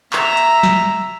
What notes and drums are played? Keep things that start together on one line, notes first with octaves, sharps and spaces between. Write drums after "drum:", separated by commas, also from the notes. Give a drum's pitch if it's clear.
E5 A#5, drum: clap
drum: hi-hat
drum: snare